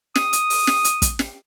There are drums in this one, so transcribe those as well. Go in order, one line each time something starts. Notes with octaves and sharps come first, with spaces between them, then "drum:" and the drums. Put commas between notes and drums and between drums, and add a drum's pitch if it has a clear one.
D#6, drum: snare
drum: hi-hat
drum: open hi-hat
drum: snare
drum: hi-hat
drum: kick, hi-hat
drum: snare